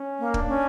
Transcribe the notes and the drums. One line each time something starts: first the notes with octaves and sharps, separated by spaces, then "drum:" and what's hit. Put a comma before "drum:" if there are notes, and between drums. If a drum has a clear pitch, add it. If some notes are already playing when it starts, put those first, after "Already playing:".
Already playing: C#4
A#3
D4, drum: kick
C#4